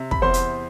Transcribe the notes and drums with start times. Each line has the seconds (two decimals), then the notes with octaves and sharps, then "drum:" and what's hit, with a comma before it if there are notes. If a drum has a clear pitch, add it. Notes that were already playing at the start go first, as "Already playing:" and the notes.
Already playing: C3
0.11 B5, drum: kick
0.22 E2 C5 C6
0.34 drum: hi-hat